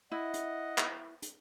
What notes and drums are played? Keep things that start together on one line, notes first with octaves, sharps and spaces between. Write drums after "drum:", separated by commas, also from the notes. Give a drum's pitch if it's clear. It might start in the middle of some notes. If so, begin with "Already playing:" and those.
E4 D#5 F#5
drum: hi-hat
drum: clap
drum: hi-hat